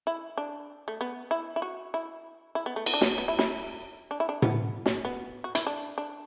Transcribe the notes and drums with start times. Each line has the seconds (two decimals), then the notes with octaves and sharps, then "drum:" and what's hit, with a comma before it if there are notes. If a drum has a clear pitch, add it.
0.07 E4
0.38 D4
0.88 A3
1.01 B3
1.31 E4
1.56 E4
1.62 F#4
1.94 E4
2.55 E4
2.66 B3
2.76 A3
2.86 B3, drum: cymbal
2.94 D4
3.01 B3, drum: snare
3.18 B3
3.28 E4
3.39 E4, drum: snare
4.11 D4
4.20 E4
4.29 D4
4.42 B3, drum: tom A2
4.86 drum: snare
5.05 B3
5.44 F#4
5.55 E4, drum: hi-hat
5.67 D4
5.98 D4